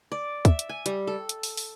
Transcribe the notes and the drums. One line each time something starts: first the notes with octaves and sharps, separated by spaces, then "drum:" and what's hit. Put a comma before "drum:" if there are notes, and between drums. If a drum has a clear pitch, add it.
D5
E5, drum: kick, hi-hat
drum: hi-hat
G#5
G3, drum: hi-hat
A4
drum: hi-hat
drum: open hi-hat
drum: open hi-hat